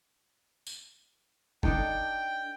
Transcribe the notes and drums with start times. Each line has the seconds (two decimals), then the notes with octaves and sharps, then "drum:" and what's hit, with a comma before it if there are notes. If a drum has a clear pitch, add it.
0.67 drum: tambourine
1.63 D4 D#4 A4 G5, drum: kick F#1